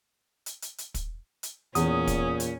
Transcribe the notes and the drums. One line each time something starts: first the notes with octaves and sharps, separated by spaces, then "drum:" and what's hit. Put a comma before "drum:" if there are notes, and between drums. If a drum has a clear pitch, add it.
drum: hi-hat
drum: hi-hat
drum: hi-hat
drum: kick, hi-hat
drum: hi-hat
E2 A#2 C#4 D#6, drum: hi-hat
drum: kick, hi-hat
drum: hi-hat